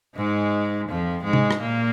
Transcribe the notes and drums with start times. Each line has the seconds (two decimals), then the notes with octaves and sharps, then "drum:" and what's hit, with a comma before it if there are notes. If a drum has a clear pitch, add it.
0.16 G#2 G#3
0.89 F2 F3
1.24 G#2 G#3
1.33 drum: tom C3
1.51 drum: rim click
1.60 A#2 A#3